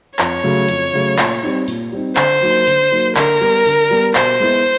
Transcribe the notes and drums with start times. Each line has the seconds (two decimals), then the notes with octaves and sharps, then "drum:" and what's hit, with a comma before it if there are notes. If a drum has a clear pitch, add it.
0.19 F2 C#5, drum: clap
0.44 C#3 F#3 A3
0.68 F2, drum: hi-hat
0.93 C#3 F#3 A3
1.18 A#2, drum: clap
1.43 G3 C4 D#4
1.68 A#2, drum: open hi-hat
1.92 G3 C4 D#4
2.16 D3 C5, drum: clap
2.42 F#3 A#3 D#4
2.67 D3, drum: hi-hat
2.91 F#3 A#3 D#4
3.16 D3 A#4, drum: clap
3.41 G3 B3
3.66 D3, drum: open hi-hat
3.91 G3 B3
4.15 B2 C5, drum: clap
4.40 G#3 B3 E4